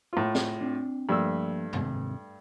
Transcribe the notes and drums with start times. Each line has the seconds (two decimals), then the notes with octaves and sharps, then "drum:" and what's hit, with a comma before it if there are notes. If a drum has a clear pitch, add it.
0.13 A2 F4
0.35 drum: snare
0.61 C4 D4
1.09 G2 F3 A3 A#3 D5 E6
1.73 D#2 G#2 C3, drum: tom F#2